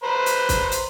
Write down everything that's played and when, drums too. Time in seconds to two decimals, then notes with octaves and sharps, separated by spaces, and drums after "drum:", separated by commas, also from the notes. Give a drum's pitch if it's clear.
0.03 B4 C5 A#5
0.26 drum: hi-hat
0.49 drum: kick, hi-hat
0.72 drum: hi-hat